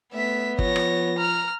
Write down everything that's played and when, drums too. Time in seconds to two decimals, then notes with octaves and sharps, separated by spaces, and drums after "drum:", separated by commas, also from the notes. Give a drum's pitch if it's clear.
0.14 A3 B3 E5 B6
0.59 F3 C#5 A#6, drum: kick
0.76 drum: rim click
1.18 A#5 F6